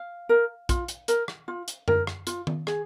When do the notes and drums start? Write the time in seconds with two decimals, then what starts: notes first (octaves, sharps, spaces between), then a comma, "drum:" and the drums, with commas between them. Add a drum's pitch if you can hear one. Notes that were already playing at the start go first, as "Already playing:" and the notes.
Already playing: F5
0.29 A#4
0.69 F4, drum: kick A#1, hi-hat
0.88 drum: hi-hat
1.08 A#4, drum: hi-hat
1.28 drum: rim click
1.48 F4
1.68 drum: hi-hat
1.88 A#4, drum: tom F#2
2.07 drum: rim click
2.27 F4, drum: hi-hat
2.47 drum: tom D#3
2.67 G#4, drum: rim click